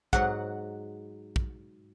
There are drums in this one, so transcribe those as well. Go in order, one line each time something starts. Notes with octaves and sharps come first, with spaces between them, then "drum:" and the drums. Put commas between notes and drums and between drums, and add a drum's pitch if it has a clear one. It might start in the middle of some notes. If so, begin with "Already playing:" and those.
G#2 F#3 F#5, drum: kick
drum: kick